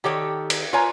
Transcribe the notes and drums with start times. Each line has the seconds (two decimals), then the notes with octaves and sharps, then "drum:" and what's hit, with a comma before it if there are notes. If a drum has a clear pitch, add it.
0.04 D#3 G4 A4 C#5 G5
0.50 drum: cymbal
0.73 F4 A#4 B4 C#5 G#5 A#5